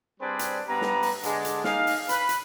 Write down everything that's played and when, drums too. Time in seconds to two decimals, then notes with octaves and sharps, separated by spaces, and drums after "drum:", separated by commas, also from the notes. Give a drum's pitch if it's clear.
0.21 G3 C4 D4 G#4 B4 C5
0.39 drum: hi-hat
0.68 G2 B3 B4 A#5
0.81 drum: snare
1.02 drum: open hi-hat
1.24 D3 G#3 D4, drum: hi-hat
1.45 drum: hi-hat
1.64 A#3 D#4 G#4 F5, drum: snare
1.87 drum: open hi-hat
2.09 B4 B5, drum: hi-hat
2.29 drum: hi-hat